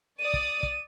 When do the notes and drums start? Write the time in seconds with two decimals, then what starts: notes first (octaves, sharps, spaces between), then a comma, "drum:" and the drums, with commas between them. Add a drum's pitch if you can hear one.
0.19 D5 D#6 D#7
0.34 drum: kick
0.63 drum: kick